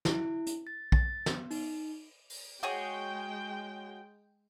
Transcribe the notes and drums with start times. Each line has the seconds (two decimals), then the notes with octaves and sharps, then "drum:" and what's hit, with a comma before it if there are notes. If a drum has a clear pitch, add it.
0.05 E4, drum: snare
0.46 drum: hi-hat
0.67 A6
0.92 A6, drum: kick A#1
1.26 B3, drum: snare
1.51 D#4, drum: open hi-hat
2.30 drum: open hi-hat
2.63 G#3 F#4 G#4 C#5 G5